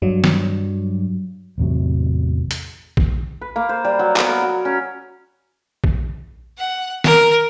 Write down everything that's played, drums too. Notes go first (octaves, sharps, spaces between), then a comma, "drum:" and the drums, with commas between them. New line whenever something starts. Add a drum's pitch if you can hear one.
G2 F#3
drum: snare
A1 E2 C3 F#3
drum: hi-hat
drum: kick A#1
B4
A#3
C5
G3
F#3
B3, drum: clap
A#4
F#4
C#4
drum: kick A#1
F#5
A#4, drum: snare